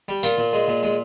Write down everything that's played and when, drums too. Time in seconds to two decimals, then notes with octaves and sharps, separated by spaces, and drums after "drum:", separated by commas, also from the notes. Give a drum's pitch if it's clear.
0.08 G3
0.23 A#2 F4, drum: tambourine
0.38 A#2
0.53 G#3
0.68 A#2
0.83 G#3